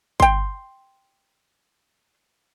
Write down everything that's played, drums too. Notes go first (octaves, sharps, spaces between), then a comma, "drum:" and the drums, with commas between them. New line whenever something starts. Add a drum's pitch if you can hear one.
G5 C6, drum: kick G1